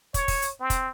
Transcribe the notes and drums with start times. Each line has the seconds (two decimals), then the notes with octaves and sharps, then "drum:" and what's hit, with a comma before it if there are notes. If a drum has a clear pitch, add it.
0.14 C#5, drum: kick, hi-hat
0.28 drum: kick, open hi-hat
0.42 drum: hi-hat
0.60 C4
0.70 drum: kick, hi-hat